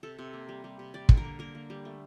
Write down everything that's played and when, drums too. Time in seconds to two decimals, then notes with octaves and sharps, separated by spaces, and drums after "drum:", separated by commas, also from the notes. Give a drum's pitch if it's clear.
0.03 C3 A4
0.19 C3
0.33 A#3
0.49 G3
0.64 G3
0.79 C3
0.94 G3 D5
1.09 D3, drum: kick
1.17 A#4
1.25 A#3
1.39 A#3 A#4
1.55 A#3
1.70 G3
1.85 A3